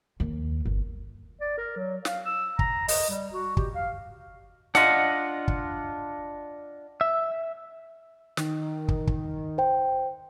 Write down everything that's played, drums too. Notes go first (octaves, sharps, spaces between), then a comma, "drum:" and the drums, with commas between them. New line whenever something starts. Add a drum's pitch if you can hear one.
D#2
G1
D5
A#4
F#3
F5, drum: snare
E6
A#5, drum: kick
D#5, drum: open hi-hat
G3
F#4
G4, drum: kick
F5
D4 F4 D#5 F#5, drum: snare
drum: kick
E5
D#3, drum: snare
drum: kick
drum: kick
C5 G5